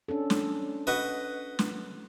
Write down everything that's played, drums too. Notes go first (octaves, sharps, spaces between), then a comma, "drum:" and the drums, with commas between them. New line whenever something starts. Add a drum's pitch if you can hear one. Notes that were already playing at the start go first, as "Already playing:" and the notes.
C#4 D4 A4
drum: snare
F#4 B4 D#5
drum: snare